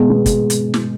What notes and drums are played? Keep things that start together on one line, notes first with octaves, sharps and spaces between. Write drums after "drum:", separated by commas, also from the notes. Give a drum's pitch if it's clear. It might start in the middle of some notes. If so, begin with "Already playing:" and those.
Already playing: B2 G#3
B3
G#3, drum: kick, hi-hat
drum: hi-hat
drum: snare